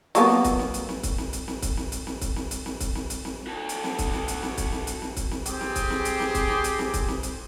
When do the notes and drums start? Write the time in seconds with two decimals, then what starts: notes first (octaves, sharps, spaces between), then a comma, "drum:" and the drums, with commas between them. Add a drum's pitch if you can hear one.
0.15 F#3 A#3 B3, drum: hi-hat
0.30 drum: snare
0.44 drum: kick, hi-hat
0.59 drum: snare
0.74 drum: hi-hat
0.89 drum: snare
1.03 drum: kick, hi-hat
1.18 drum: snare
1.33 drum: hi-hat
1.48 drum: snare
1.62 drum: kick, hi-hat
1.77 drum: snare
1.92 drum: hi-hat
2.07 drum: snare
2.21 drum: kick, hi-hat
2.36 drum: snare
2.51 drum: hi-hat
2.66 drum: snare
2.81 drum: kick, hi-hat
2.95 drum: snare
3.10 drum: hi-hat
3.25 drum: snare
3.47 F#4 A4
3.69 drum: hi-hat
3.84 drum: snare
3.99 drum: kick, hi-hat
4.13 drum: snare
4.28 drum: hi-hat
4.43 drum: snare
4.58 drum: kick, hi-hat
4.72 drum: snare
4.87 drum: hi-hat
5.02 drum: snare
5.17 drum: kick, hi-hat
5.31 drum: snare
5.46 C4 G4 G#4, drum: hi-hat
5.61 drum: snare
5.76 drum: kick, hi-hat
5.90 drum: snare
6.05 drum: hi-hat
6.20 drum: snare
6.35 drum: kick, hi-hat
6.49 drum: snare
6.64 drum: hi-hat
6.79 drum: snare
6.94 drum: kick, hi-hat
7.08 drum: snare
7.23 drum: hi-hat